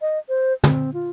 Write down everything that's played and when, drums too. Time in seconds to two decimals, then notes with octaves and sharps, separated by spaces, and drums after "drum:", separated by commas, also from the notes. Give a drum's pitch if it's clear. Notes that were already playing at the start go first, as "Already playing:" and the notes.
0.01 D#5
0.29 C5
0.64 C4, drum: tom
0.94 F4